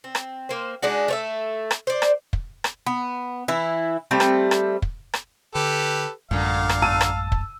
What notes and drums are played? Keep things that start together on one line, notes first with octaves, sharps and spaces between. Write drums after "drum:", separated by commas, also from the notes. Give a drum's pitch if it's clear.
C4
drum: rim click
A#3 C5
G#3 D4 D#4 F#4
A3 C#5 E5
drum: rim click
C5 D5
drum: rim click
drum: kick
drum: rim click
B3
E3 E4
G3 A3 C4
drum: rim click
drum: rim click
drum: kick
drum: rim click
D3 G4 A4 B4
A1 F#2 A#2 D3 G#3 F5
drum: rim click
A5 E6 D#7
drum: rim click
drum: kick